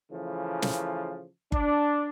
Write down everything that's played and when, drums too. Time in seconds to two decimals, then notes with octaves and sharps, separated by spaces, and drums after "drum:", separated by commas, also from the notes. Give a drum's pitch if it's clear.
0.11 C#3 E3 F3 A3
0.62 drum: snare
1.52 D4, drum: kick G1